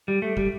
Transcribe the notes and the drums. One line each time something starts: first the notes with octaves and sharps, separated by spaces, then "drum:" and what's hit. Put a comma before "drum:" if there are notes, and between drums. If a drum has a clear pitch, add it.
G3
A3
G3, drum: kick